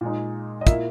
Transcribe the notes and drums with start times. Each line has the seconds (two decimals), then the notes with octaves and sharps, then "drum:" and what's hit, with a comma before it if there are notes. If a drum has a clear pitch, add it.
0.01 A#2 G#3 D#4
0.61 D#5
0.67 A#2 A#3 E4 E5, drum: kick, hi-hat